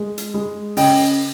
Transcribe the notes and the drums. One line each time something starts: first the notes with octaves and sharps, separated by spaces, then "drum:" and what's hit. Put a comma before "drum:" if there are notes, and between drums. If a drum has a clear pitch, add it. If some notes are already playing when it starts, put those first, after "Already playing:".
Already playing: G#3
drum: hi-hat
G#3
C#3 D#5 G5, drum: open hi-hat